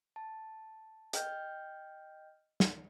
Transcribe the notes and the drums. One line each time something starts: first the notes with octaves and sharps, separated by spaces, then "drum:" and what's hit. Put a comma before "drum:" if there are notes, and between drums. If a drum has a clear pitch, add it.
A5
D#5 G5 F6 G6, drum: hi-hat
drum: snare